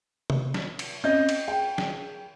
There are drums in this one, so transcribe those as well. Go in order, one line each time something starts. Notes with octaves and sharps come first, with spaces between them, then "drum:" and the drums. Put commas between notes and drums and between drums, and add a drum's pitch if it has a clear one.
drum: tom C3
drum: snare
drum: cymbal
C4 C#4 D#5 G6
drum: cymbal
G#4 G5
drum: snare